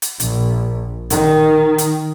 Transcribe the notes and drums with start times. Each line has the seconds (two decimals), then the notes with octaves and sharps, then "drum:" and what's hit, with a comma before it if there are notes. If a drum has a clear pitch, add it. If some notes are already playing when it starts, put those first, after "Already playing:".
0.02 drum: hi-hat
0.20 A#1, drum: hi-hat
1.10 D#3, drum: hi-hat
1.78 drum: hi-hat